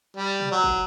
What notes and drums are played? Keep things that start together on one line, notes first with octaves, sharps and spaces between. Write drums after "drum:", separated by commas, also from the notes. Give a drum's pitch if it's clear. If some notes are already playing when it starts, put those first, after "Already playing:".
G3
drum: tom B2
F#3
drum: kick